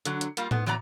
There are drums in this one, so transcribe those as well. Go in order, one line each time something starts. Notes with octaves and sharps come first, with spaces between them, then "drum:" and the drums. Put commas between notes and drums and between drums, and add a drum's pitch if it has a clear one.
D3 F#3, drum: hi-hat
drum: hi-hat
G3 A#3 F4, drum: hi-hat
G#2 B3, drum: tom A2
E3 F#3 B3 D5 A#5